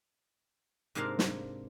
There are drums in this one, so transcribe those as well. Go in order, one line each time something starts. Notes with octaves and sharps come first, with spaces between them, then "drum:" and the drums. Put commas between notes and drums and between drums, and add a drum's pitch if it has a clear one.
G#2 C3 A#3 D4 A#4 F5
drum: snare